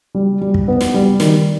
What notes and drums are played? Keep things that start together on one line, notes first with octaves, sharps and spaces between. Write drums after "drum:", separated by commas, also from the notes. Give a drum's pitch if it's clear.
G3
G3
drum: kick
B3
drum: snare
G3
D#3, drum: snare